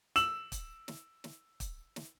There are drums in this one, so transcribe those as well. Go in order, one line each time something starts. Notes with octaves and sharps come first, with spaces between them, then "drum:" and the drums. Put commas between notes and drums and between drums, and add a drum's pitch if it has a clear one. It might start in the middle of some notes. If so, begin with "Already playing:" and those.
E6 E7 F#7, drum: hi-hat
drum: kick, hi-hat
drum: snare
drum: snare
drum: kick, hi-hat
drum: snare